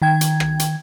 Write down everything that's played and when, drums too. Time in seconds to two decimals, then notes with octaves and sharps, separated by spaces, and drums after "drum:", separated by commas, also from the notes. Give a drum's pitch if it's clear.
0.02 D#3 G5 G#6
0.21 drum: hi-hat
0.40 drum: rim click
0.59 drum: hi-hat